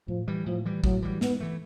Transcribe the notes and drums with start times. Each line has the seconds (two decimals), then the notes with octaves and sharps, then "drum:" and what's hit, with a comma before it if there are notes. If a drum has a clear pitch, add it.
0.08 A2 F3
0.28 E3 G3
0.46 A2 F3
0.65 E3 G3
0.84 A2 F#3, drum: kick
1.03 E3 G3
1.21 G#2 B3, drum: snare
1.40 E3 A3